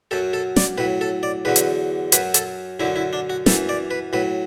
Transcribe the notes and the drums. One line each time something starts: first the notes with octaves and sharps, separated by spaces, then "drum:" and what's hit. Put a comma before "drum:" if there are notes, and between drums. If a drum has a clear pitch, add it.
F#2 F#3 A4
A4
D5, drum: snare
A2 F#3 B4
A4
D5
E2 D3 F#3 B4
drum: hi-hat
F#2 F#3 B4, drum: hi-hat
A4, drum: hi-hat
F#2 D3 F#3 E4
E4
D4
F#4
F#2 E3 A4, drum: snare
D5
B4
A2 F#3 B4